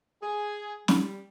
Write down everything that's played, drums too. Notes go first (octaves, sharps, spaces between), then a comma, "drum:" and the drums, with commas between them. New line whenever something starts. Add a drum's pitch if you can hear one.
G#4
G3, drum: snare